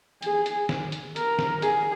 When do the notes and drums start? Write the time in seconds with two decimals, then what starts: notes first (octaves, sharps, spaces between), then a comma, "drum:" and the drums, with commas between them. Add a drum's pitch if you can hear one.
0.22 G#4, drum: hi-hat
0.46 drum: hi-hat
0.69 drum: snare
0.92 drum: hi-hat
1.16 A#4, drum: hi-hat
1.39 drum: snare
1.62 G#4, drum: hi-hat